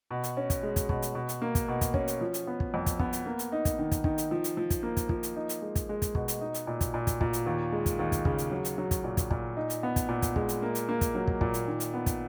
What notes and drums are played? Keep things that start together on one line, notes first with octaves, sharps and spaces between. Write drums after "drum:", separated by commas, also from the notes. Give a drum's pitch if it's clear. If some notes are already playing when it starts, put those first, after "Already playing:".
B2
drum: hi-hat
C#4
drum: kick, hi-hat
G#3
drum: kick, hi-hat
B2, drum: kick
drum: hi-hat
B2
drum: hi-hat
A#3
drum: kick, hi-hat
B2
drum: kick, hi-hat
C#4, drum: kick
drum: hi-hat
F3
drum: hi-hat
B3
drum: kick
F2
drum: kick, hi-hat
B3, drum: kick
drum: hi-hat
A#3
drum: hi-hat
D#4
drum: kick, hi-hat
D#3
drum: kick, hi-hat
D#3, drum: kick
drum: hi-hat
F3
drum: hi-hat
F3
drum: kick, hi-hat
A#3
drum: kick, hi-hat
F3, drum: kick
drum: hi-hat
D#4
drum: hi-hat
G#3
drum: kick, hi-hat
G#3
drum: kick, hi-hat
B2, drum: kick
drum: hi-hat
D#4
drum: hi-hat
A#2
drum: kick, hi-hat
A#2
drum: kick, hi-hat
A#2, drum: kick
drum: hi-hat
D#2
G#3
drum: kick, hi-hat
D#2
drum: kick, hi-hat
C#3, drum: kick
drum: hi-hat
F#3
drum: hi-hat
F#3
drum: kick, hi-hat
A#2
drum: kick, hi-hat
A#2, drum: kick
D#4
drum: hi-hat
B3
drum: kick, hi-hat
A#2
drum: kick, hi-hat
G#3, drum: kick
drum: hi-hat
A#3
drum: hi-hat
A#3
drum: kick, hi-hat
F#3
drum: kick
A#2, drum: kick
drum: hi-hat
D#3
drum: hi-hat
B3
drum: kick, hi-hat